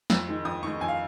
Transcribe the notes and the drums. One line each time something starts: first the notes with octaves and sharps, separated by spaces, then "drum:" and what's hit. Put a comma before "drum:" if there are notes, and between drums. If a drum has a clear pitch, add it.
F2, drum: snare
D#3 G#3
F2 D#6
D#3 G#3 C#6
F2 G#5
F5